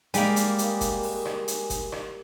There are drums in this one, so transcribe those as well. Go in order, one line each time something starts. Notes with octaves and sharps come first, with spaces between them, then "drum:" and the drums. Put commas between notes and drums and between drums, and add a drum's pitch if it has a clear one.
G3 G#3 A#3, drum: hi-hat
drum: hi-hat
drum: hi-hat
drum: kick G1, hi-hat
drum: open hi-hat
drum: rim click
drum: hi-hat
drum: kick G1, hi-hat
drum: rim click